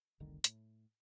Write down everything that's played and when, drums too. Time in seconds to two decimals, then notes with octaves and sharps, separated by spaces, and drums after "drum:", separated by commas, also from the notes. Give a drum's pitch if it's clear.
0.20 F1 C2 D3 D#3
0.44 A2, drum: hi-hat